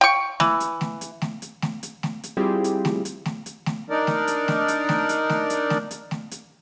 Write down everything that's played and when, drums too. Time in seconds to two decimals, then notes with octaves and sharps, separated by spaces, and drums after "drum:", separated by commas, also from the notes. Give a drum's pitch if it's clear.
0.01 G5 C#6
0.40 E3, drum: snare A3
0.60 drum: hi-hat
0.81 drum: snare A3
1.01 drum: hi-hat
1.22 drum: snare A3
1.42 drum: hi-hat
1.62 drum: snare A3
1.83 drum: hi-hat
2.03 drum: snare A3
2.24 drum: hi-hat
2.37 G3 C4 E4 F4 G4 G#4
2.64 drum: hi-hat
2.85 drum: snare A3
3.05 drum: hi-hat
3.25 drum: snare A3
3.46 drum: hi-hat
3.66 drum: snare A3
3.90 D4 D#4 A#4 D5
4.07 drum: snare A3
4.27 drum: hi-hat
4.48 drum: snare A3
4.68 drum: hi-hat
4.89 drum: snare A3
5.09 drum: hi-hat
5.29 drum: snare A3
5.50 drum: hi-hat
5.70 drum: snare A3
5.91 drum: hi-hat
6.11 drum: snare A3
6.31 drum: hi-hat